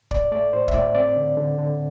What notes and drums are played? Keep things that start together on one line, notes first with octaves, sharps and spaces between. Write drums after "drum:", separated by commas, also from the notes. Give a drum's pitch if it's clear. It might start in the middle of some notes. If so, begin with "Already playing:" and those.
A2 D5, drum: kick
A3 D5
A2 C5
E5, drum: kick
A2 D5
C4 D5
D3
D3
D3